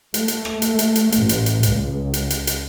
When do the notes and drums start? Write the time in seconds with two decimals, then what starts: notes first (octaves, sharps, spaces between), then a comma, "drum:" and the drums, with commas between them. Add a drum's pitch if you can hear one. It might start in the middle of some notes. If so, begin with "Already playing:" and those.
0.14 A3, drum: hi-hat
0.28 drum: hi-hat
0.45 drum: rim click
0.62 drum: hi-hat
0.79 drum: hi-hat
0.95 drum: hi-hat
1.12 A1, drum: hi-hat
1.29 drum: hi-hat
1.46 drum: hi-hat
1.63 C#2, drum: hi-hat
2.14 drum: hi-hat
2.30 drum: hi-hat
2.47 drum: hi-hat